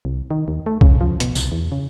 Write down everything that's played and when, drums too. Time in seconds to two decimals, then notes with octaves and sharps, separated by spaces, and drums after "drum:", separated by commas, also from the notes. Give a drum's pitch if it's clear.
0.05 C2
0.31 D#3
0.48 D#2
0.66 A3
0.81 C#3, drum: kick B1
1.01 F3
1.20 B2, drum: hi-hat
1.35 C2, drum: tambourine
1.52 E2
1.72 C#3